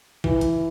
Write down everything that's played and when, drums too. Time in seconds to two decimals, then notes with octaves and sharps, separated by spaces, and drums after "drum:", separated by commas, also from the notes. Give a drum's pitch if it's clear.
0.24 E3, drum: kick
0.41 drum: hi-hat